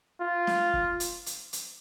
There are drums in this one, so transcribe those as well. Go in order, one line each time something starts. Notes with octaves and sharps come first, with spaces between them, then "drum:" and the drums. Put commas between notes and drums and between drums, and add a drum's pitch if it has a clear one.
F4
drum: snare
drum: kick
drum: hi-hat
drum: hi-hat
drum: hi-hat